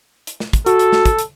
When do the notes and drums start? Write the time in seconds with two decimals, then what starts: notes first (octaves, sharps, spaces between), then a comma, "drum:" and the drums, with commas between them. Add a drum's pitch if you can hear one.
0.27 drum: hi-hat
0.40 drum: snare
0.53 drum: kick, hi-hat
0.66 F#4 A4, drum: hi-hat
0.79 drum: hi-hat
0.92 drum: snare
1.05 drum: kick, hi-hat
1.19 drum: hi-hat